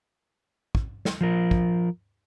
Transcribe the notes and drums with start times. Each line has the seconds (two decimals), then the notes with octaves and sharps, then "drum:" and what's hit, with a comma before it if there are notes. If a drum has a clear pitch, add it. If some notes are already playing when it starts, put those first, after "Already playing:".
0.75 drum: kick
1.05 drum: snare
1.21 F3 F4 A#4
1.51 drum: kick